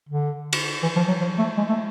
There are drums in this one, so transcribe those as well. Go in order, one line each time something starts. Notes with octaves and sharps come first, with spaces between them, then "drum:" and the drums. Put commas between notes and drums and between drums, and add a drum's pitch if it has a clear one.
D3
drum: cymbal
E3
F3
F#3
F3
A3
G#3
A3